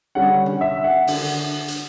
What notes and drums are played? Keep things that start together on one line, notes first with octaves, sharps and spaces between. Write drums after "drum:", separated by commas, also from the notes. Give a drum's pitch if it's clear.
D3 G3 C#4 F#5
drum: tom
E5
F#5
D3, drum: open hi-hat
drum: hi-hat